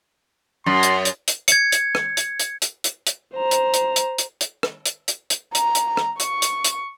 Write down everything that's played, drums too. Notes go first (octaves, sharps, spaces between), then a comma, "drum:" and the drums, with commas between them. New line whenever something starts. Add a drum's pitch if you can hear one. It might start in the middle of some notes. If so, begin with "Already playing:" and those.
F#2 C6
drum: hi-hat
drum: hi-hat
drum: hi-hat
G#6 C#7, drum: hi-hat
drum: hi-hat
drum: rim click
drum: hi-hat
drum: hi-hat
drum: hi-hat
drum: hi-hat
drum: hi-hat
C5 A#5
drum: hi-hat
drum: hi-hat
drum: hi-hat
drum: hi-hat
drum: hi-hat
drum: rim click
drum: hi-hat
drum: hi-hat
drum: hi-hat
A#5, drum: hi-hat
drum: hi-hat
drum: rim click
C#6, drum: hi-hat
drum: hi-hat
drum: hi-hat